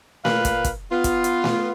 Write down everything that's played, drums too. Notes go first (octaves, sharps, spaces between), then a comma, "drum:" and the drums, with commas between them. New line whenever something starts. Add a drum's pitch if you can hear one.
A#2 A#4 B4 F5, drum: snare A3
drum: kick, hi-hat
drum: kick, hi-hat
B3 F4
drum: kick, hi-hat
drum: hi-hat
drum: snare A3